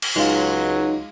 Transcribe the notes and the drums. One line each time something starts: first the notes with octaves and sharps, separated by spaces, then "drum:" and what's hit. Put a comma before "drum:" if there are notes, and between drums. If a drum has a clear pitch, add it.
drum: cymbal
C#2 F#3 G#3 D#4 F4